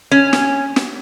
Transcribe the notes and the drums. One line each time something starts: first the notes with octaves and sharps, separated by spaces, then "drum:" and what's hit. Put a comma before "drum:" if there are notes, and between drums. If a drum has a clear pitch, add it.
C#4
drum: snare
drum: snare